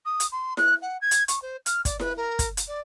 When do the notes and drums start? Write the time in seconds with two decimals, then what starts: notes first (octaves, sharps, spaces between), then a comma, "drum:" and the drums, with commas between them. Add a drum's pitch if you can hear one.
0.05 D#6
0.20 drum: hi-hat
0.32 C6
0.57 F#6, drum: snare E4
0.82 F#5
1.01 G#6
1.11 drum: hi-hat
1.28 C#6, drum: hi-hat
1.42 C5
1.66 F6, drum: hi-hat
1.85 D5, drum: kick, hi-hat
2.00 B4, drum: snare E4
2.17 A#4
2.39 drum: kick, hi-hat
2.57 drum: hi-hat
2.68 D5